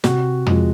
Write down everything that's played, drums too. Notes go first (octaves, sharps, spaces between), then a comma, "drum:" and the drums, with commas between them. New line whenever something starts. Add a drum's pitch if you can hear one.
C3 F#4, drum: snare
F3 G#3, drum: tom